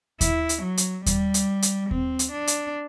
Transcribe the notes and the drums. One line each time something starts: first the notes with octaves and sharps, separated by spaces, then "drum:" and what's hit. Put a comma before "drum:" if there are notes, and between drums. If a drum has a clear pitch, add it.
E4, drum: kick D#2, hi-hat
drum: hi-hat
F#3
drum: hi-hat
G3, drum: kick D#2, hi-hat
drum: hi-hat
drum: hi-hat
C4, drum: kick D#2
drum: hi-hat
D4
drum: hi-hat